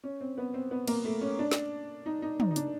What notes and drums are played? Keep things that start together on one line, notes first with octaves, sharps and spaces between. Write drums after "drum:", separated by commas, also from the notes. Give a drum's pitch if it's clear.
C#4
C4
B3
C4
B3
A#3, drum: cymbal
A3
C#4
D4
drum: snare
D#4
D#4
D#4, drum: tom
D#4
D4, drum: hi-hat